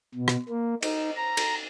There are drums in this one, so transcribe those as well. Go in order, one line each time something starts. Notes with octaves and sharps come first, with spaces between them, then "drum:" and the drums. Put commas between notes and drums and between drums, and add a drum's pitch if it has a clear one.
B2
drum: rim click
A#3
D#4, drum: cymbal
A#5
drum: cymbal